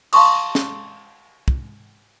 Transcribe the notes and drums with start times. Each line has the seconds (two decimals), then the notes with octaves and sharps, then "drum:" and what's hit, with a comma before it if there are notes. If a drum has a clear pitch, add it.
0.13 F5 A5 C6 C#6 D#6, drum: cymbal
0.55 drum: snare
1.48 drum: kick